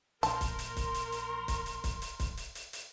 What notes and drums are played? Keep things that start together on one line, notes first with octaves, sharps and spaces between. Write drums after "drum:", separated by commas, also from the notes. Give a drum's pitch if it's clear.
A#1 A#4 A5 C6, drum: hi-hat
drum: kick, hi-hat
drum: hi-hat
drum: kick, hi-hat
drum: hi-hat
drum: hi-hat
drum: kick, hi-hat
drum: hi-hat
drum: kick, hi-hat
drum: hi-hat
drum: kick, hi-hat
drum: hi-hat
drum: hi-hat
drum: hi-hat